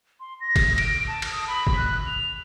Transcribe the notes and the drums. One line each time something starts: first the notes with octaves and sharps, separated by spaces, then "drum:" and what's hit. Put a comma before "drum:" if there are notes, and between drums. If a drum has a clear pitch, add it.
C6
A#6
drum: kick, cymbal
D7, drum: cymbal
A5
drum: cymbal
D#6
B5
drum: kick
F#6
F7